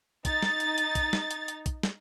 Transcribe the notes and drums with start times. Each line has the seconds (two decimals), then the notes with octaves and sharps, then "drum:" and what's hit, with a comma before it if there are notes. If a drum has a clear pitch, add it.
0.25 D#4 A6, drum: kick, hi-hat
0.43 drum: snare
0.60 drum: hi-hat
0.78 drum: hi-hat
0.95 drum: kick, hi-hat
1.13 drum: snare
1.31 drum: hi-hat
1.48 drum: hi-hat
1.66 drum: kick, hi-hat
1.83 drum: snare